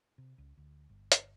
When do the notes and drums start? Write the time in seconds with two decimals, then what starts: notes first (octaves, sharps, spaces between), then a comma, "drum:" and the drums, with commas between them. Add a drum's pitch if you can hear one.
0.18 C3
0.38 C#2
0.57 D2
0.90 G1
1.12 drum: hi-hat